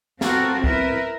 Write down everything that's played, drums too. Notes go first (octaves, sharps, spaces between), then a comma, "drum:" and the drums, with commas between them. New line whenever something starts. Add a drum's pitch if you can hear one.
B3 C4 F4 F#4 A4 A#4, drum: snare
E4 A#4 B4 E5, drum: kick C2